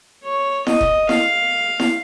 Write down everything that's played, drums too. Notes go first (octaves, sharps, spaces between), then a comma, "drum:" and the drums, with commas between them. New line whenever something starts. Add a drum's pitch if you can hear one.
C#5
D#5, drum: snare E4
drum: kick F1
F5, drum: snare E4
drum: snare E4